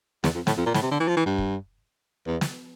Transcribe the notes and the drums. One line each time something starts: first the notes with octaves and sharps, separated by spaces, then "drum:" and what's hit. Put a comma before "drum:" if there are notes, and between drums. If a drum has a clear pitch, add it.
E2, drum: snare
F2
A2, drum: snare
F2
A#2
A2, drum: snare
C3
D3
E3
F3
E3
G2
drum: kick
E2
drum: snare